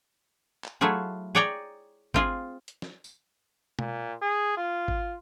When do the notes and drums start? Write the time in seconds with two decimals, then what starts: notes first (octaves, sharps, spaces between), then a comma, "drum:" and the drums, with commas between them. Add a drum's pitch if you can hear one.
0.64 drum: clap
0.81 F#3 A3 E4 F4 G#4
1.35 G#4 C#5 D5 G5 G#5 A#5
2.14 C4 F4 G#4, drum: kick G#1
2.68 drum: hi-hat
2.82 drum: snare
3.04 drum: tambourine
3.79 A#2, drum: tom B2
4.22 G#4
4.57 F4
4.88 drum: kick G#1